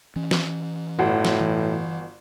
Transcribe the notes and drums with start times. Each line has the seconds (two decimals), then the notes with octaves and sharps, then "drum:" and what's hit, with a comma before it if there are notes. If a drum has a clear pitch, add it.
0.16 E3 C#4
0.31 drum: snare
0.99 G1 A2 F#4
1.25 drum: snare
1.40 E3